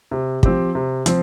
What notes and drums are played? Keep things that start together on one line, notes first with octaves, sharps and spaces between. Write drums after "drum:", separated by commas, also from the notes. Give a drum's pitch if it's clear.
C3
F3 C4 G4, drum: kick
C3
F3 C4, drum: hi-hat